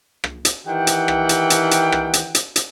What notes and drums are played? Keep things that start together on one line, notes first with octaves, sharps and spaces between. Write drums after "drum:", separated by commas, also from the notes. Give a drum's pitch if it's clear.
drum: rim click
drum: hi-hat
D#3 E3 G4 F#5 G5
drum: hi-hat
drum: rim click
drum: hi-hat
drum: hi-hat
drum: hi-hat
drum: rim click
drum: hi-hat
drum: hi-hat
drum: hi-hat